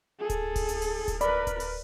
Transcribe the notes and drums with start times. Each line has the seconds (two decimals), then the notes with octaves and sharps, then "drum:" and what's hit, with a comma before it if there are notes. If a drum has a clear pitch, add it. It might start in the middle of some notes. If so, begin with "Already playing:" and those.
0.20 G#4 A4
0.30 drum: kick D1, hi-hat
0.56 drum: kick D1, open hi-hat
0.69 drum: hi-hat
0.82 drum: open hi-hat
1.08 drum: kick D1, hi-hat
1.21 A#4 B4 D5 B5, drum: hi-hat
1.47 drum: kick D1, hi-hat
1.60 drum: open hi-hat